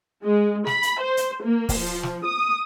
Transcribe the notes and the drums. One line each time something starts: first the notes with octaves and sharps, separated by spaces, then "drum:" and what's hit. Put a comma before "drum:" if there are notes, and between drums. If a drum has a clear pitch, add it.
G#3
B5, drum: snare
drum: hi-hat
C5
drum: hi-hat
A#3
drum: kick, open hi-hat
F3
drum: snare
D#6